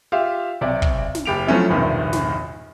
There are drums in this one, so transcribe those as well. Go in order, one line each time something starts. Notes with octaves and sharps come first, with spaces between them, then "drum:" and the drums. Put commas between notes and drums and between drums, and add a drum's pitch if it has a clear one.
F4 G4 E5 F5
B1 C3 D5
drum: kick
drum: snare
F#1 G4 D7 F7
F3 F#3 A3 C#4 E4
E1 A#1 G2 C3 D#3
drum: snare